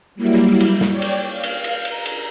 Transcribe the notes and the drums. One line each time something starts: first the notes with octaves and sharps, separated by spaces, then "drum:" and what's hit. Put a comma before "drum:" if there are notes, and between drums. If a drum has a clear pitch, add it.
F#3 G3 A#3 E4
drum: cymbal
drum: snare
C#5 D5 G5
drum: cymbal
F5
drum: cymbal
drum: cymbal
A#5, drum: cymbal
drum: cymbal